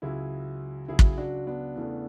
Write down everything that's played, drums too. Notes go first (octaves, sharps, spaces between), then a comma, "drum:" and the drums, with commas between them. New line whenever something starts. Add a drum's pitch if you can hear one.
C#2 C#3 F#3 E4 G#4
C#2 C#3 F#3 E4 G#4
drum: kick
D4 F#4
B3 D4
E2 C#3 E3 A3